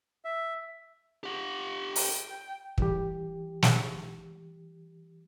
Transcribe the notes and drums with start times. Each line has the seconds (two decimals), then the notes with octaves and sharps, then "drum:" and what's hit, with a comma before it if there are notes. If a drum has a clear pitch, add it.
0.25 E5
1.24 G4 F#5
1.96 G5, drum: open hi-hat
2.78 E3 G3 G4, drum: kick
3.62 drum: snare